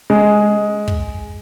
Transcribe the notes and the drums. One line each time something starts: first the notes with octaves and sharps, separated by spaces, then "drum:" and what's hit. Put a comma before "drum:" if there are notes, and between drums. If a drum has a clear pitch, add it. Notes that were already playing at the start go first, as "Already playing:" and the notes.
G#3
drum: kick